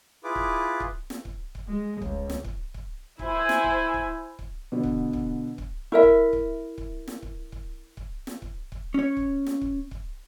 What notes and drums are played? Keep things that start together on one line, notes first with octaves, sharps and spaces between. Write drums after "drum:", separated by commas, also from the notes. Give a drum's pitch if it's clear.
E4 F4 G#4 B4 D6
drum: kick C#1
drum: kick C#1
drum: snare
drum: kick C#1
drum: kick C#1
G#3
C#2, drum: kick C#1
drum: snare
drum: kick C#1
drum: kick C#1
E4 C5 G#5, drum: kick C#1
drum: snare
drum: kick C#1
drum: kick C#1
drum: kick C#1
B2 D3 B3
drum: kick C#1
drum: kick C#1
drum: kick C#1
E4 A#4 E5
drum: kick C#1
drum: kick C#1
drum: kick C#1
drum: snare
drum: kick C#1
drum: kick C#1
drum: kick C#1
drum: snare
drum: kick C#1
drum: kick C#1
C#4 C#5
drum: kick C#1
drum: snare
drum: kick C#1
drum: kick C#1